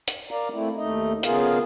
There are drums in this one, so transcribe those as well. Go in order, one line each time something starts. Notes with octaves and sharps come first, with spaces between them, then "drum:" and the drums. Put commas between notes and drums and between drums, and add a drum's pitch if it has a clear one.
drum: hi-hat
A#4 D5 F5 A#5
A3 C4 E4
D#2 A3 D#4 D#5
C#3 B3 F4 G#4 A#4 F5, drum: hi-hat